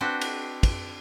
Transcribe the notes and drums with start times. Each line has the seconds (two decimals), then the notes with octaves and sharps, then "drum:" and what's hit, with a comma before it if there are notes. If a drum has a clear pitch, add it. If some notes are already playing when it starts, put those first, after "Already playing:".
0.01 C4 D4 F#4 B4 C5
0.21 drum: cymbal
0.63 drum: kick, cymbal